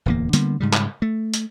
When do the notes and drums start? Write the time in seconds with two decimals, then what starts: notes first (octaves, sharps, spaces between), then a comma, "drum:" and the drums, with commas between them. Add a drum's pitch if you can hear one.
0.06 D1 E2 A#3
0.33 D3 G3 A#3 B3, drum: hi-hat
0.60 G#2 C#3 G3
0.73 drum: clap
1.02 A3
1.34 drum: hi-hat